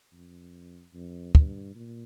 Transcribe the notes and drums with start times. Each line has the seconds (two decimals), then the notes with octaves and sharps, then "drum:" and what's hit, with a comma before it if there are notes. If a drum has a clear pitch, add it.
0.12 F2
0.94 F2
1.35 G2, drum: kick
1.75 A#2